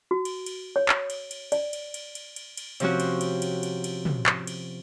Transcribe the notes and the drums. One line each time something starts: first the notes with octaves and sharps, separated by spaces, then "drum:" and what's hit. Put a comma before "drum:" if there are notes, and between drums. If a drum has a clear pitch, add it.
F#4
drum: cymbal
drum: cymbal
C#5
drum: clap
drum: cymbal
drum: cymbal
D5, drum: cymbal
drum: cymbal
drum: cymbal
drum: cymbal
drum: cymbal
drum: cymbal
C3 F3 C4 C#4 F#4, drum: cymbal
drum: cymbal
drum: cymbal
drum: cymbal
drum: cymbal
drum: cymbal
drum: tom
drum: clap
drum: cymbal